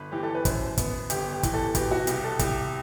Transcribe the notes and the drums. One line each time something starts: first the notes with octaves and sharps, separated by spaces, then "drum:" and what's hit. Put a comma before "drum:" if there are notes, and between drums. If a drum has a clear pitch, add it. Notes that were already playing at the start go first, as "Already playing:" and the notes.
Already playing: G1 B4
E3 G4
A4
B4
F#2 C5, drum: kick, hi-hat
B3, drum: kick, hi-hat
G1 G4, drum: hi-hat
G4
E3, drum: kick, hi-hat
A4
B2 G4, drum: kick, hi-hat
F#4
C2 G4, drum: hi-hat
A4
C2 G4, drum: kick, hi-hat